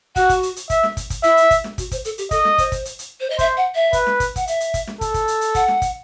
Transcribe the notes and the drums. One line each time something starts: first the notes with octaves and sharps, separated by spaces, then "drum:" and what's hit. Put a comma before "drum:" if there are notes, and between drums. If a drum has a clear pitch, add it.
F#4 F#5, drum: kick, hi-hat
drum: kick, hi-hat
drum: hi-hat
drum: hi-hat
E5, drum: kick, hi-hat
drum: snare
drum: kick, hi-hat
drum: kick, hi-hat
E4 E5, drum: hi-hat
drum: hi-hat
drum: kick, hi-hat
drum: snare
F#4, drum: kick, hi-hat
C5, drum: kick, hi-hat
A4, drum: hi-hat
G4, drum: hi-hat
A4 D#5, drum: kick, hi-hat
drum: snare
C5, drum: kick, hi-hat
drum: kick, hi-hat
drum: hi-hat
drum: hi-hat
C5
D#5
C5 E5, drum: kick, hi-hat
F#5
E5
B4, drum: kick, hi-hat
drum: snare
drum: kick, hi-hat
F#5, drum: kick, hi-hat
E5, drum: hi-hat
drum: hi-hat
drum: kick, hi-hat
drum: snare
A4, drum: kick, hi-hat
drum: kick, hi-hat
drum: hi-hat
drum: hi-hat
F#5, drum: kick, hi-hat
drum: snare
drum: kick, hi-hat